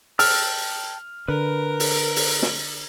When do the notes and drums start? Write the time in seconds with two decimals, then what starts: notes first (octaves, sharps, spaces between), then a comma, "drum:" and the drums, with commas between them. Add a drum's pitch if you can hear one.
0.19 G5 A5 E6 F6, drum: open hi-hat
1.28 D3 A#4 B4
1.80 drum: open hi-hat
2.16 drum: open hi-hat
2.42 drum: snare